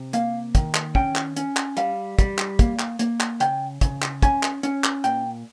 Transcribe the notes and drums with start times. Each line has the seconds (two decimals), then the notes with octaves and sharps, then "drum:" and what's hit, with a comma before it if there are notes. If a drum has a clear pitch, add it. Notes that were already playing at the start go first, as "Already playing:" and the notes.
Already playing: C3
0.13 A#3 F5, drum: hi-hat
0.55 D#3, drum: kick, hi-hat
0.75 drum: clap
0.95 C#4 G5, drum: kick
1.16 drum: clap
1.36 C#4, drum: hi-hat
1.57 drum: clap
1.77 G3 F5, drum: hi-hat
2.19 G3, drum: kick, hi-hat
2.38 drum: clap
2.59 A#3, drum: kick, hi-hat
2.79 drum: clap
2.99 A#3, drum: hi-hat
3.20 drum: clap
3.40 C#3 G5, drum: hi-hat
3.81 C#3, drum: kick, hi-hat
4.02 drum: clap
4.22 C#4 G#5, drum: kick, hi-hat
4.43 drum: clap
4.63 C#4, drum: hi-hat
4.84 drum: clap
5.04 A#2 G5, drum: hi-hat